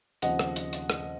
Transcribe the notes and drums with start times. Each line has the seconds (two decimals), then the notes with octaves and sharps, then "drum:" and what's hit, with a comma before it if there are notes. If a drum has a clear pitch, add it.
0.22 D#2 C#3 F3 C4 D#5 F#5, drum: hi-hat
0.39 drum: rim click
0.56 drum: hi-hat
0.73 drum: hi-hat
0.90 drum: rim click